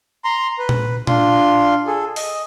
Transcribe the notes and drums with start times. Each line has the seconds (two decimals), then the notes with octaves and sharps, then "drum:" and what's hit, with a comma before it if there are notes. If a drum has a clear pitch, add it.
0.24 A#5 C6
0.59 B4
0.69 drum: tom A#2
1.07 D4 F4 C6, drum: tom A#2
1.87 G#4 A4
2.16 D#5, drum: open hi-hat